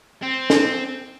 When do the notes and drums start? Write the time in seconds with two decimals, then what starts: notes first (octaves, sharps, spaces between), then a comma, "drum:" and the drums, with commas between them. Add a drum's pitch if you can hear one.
0.23 C4
0.50 drum: snare